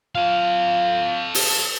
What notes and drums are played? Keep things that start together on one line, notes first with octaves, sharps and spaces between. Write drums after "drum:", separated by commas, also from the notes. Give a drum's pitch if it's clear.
F4 A4 F5
drum: open hi-hat